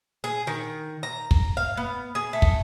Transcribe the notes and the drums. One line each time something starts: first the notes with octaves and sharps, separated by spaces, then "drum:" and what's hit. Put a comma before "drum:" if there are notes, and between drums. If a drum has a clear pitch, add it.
G#4
D#3
A#5
drum: kick
F5
B3
G#4
A3
drum: kick